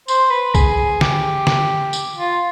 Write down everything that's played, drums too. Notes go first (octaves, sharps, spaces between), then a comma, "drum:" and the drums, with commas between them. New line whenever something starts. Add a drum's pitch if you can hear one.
C5, drum: tambourine
B4
G#4, drum: kick B1, tambourine
G4, drum: snare
drum: snare
drum: tambourine
F4